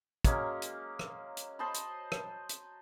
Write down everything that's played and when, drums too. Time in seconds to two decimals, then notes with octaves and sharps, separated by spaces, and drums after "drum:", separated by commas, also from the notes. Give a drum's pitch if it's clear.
0.24 F#3 G#3 A#3 C#4, drum: kick, hi-hat
0.62 drum: hi-hat
0.99 drum: rim click
1.37 drum: hi-hat
1.59 C5 D#5 A5 B5
1.74 drum: hi-hat
2.12 drum: rim click
2.49 drum: hi-hat